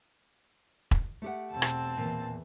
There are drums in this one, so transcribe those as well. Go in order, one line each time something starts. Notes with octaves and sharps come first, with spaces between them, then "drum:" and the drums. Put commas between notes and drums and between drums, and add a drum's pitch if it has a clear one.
drum: kick E1
A3 G4 F#5
E2 B2 C4 A5
drum: rim click
E2 A#2 E3